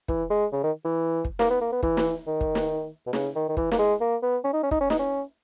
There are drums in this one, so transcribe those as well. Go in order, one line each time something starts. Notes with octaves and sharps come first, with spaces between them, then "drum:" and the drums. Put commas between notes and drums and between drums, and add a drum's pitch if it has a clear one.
E3, drum: kick
G#3
C#3
D#3
E3
drum: kick
A#3, drum: snare
B3
A#3
B3
E3, drum: kick
drum: snare
D#3
drum: kick
drum: snare
B2
C#3, drum: snare
D#3
D#3
E3, drum: kick
A#3, drum: snare
G#3
A#3
B3
C#4
D#4
C#4
D#4, drum: kick
C#4
D#4, drum: snare
C#4